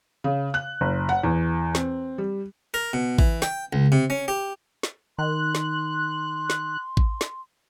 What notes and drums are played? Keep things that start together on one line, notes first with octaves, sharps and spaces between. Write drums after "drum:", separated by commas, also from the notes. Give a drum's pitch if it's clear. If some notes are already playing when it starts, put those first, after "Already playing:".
C#3
F#6
F#1
F#5
E2
C4, drum: snare
G3
A#4
B2
E3, drum: kick A1
G5, drum: snare
C#2
C3
C#4
G4
drum: snare
D#3 C6 F#6
drum: snare
drum: snare
drum: kick A1
drum: snare